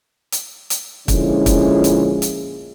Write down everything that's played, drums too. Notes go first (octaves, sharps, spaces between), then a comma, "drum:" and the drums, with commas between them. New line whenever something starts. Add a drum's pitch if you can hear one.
drum: hi-hat
drum: hi-hat
A#2 D3 F3 G#3 C#4 E4, drum: kick, hi-hat
drum: kick, hi-hat
drum: hi-hat
drum: hi-hat